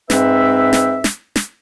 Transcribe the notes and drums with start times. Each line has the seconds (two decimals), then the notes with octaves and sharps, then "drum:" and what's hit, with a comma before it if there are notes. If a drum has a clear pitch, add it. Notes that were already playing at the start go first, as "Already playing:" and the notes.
0.10 G#2 C4 B4 E5, drum: snare
0.73 drum: snare
1.04 drum: snare
1.36 drum: snare